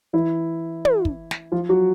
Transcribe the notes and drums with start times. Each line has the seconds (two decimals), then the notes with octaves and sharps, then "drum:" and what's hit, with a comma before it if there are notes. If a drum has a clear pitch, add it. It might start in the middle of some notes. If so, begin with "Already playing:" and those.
0.13 E3 E4
0.85 drum: tom
1.05 drum: kick
1.31 drum: snare
1.52 F3 F4
1.69 F#3 F#4